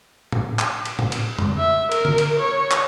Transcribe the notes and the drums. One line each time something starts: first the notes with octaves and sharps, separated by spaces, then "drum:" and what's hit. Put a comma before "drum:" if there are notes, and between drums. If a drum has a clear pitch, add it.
drum: tom A2
drum: clap
drum: cymbal
drum: tom A2
drum: cymbal
drum: tom
E5
A#4, drum: cymbal
drum: tom D3
drum: cymbal
C#5
drum: clap